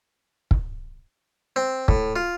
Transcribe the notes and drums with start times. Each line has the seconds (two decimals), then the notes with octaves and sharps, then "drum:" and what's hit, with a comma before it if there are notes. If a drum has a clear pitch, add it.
0.51 drum: kick
1.56 C4
1.88 A2, drum: kick
2.16 F4